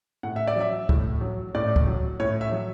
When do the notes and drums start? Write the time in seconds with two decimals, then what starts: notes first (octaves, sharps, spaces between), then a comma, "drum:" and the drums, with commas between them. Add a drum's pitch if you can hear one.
0.23 A2 F#5
0.36 E5
0.47 D5
0.56 F#3 E5
0.89 A2, drum: kick
1.21 F#3
1.55 A2 D5
1.76 drum: kick
1.87 F#3
2.20 A2 C#5
2.41 E5
2.52 F#3